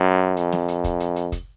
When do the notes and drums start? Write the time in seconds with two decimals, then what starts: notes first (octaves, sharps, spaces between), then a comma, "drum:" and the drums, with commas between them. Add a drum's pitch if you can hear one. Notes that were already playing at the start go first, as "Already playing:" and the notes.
Already playing: F#2
0.37 F2, drum: hi-hat
0.52 drum: snare
0.68 drum: hi-hat
0.84 drum: kick, hi-hat
1.00 drum: hi-hat
1.16 drum: hi-hat
1.32 drum: kick, hi-hat